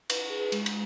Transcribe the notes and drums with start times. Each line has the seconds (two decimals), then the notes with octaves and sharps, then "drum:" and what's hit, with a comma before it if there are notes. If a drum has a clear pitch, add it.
0.10 B4, drum: cymbal
0.30 G#4
0.52 G#3, drum: cymbal
0.66 drum: cymbal